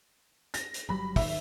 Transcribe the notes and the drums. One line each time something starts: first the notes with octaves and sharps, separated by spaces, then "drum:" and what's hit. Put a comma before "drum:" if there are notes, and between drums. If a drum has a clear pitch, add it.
A#6, drum: hi-hat
drum: hi-hat
G1 F#3 G3 B5
D#3 E5, drum: kick, open hi-hat